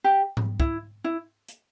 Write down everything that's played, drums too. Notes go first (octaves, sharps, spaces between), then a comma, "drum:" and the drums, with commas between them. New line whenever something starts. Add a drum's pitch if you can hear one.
G4
drum: tom G#2
E4, drum: kick
E4
drum: hi-hat